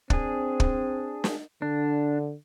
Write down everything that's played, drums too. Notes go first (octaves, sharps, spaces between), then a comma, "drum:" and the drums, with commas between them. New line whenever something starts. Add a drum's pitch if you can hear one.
C4 D4 G#4, drum: kick
drum: kick
drum: snare
D3 D4